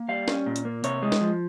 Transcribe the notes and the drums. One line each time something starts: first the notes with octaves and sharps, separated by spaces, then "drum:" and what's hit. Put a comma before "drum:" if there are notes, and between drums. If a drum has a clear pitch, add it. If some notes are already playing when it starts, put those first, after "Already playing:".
Already playing: A#3
G3 F5
C#4, drum: snare
A#2
drum: hi-hat
A#3
C3 C#5, drum: hi-hat
G#3
drum: snare
F3